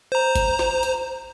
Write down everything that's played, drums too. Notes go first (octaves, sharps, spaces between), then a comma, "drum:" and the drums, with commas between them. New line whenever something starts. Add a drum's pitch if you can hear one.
C5 A#5
drum: kick G1, hi-hat
drum: snare
drum: hi-hat